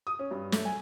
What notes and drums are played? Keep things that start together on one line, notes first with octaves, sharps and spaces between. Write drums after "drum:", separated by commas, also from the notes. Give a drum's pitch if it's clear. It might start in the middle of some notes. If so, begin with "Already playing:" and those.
D#6
C#4
G2
A3, drum: snare
G#5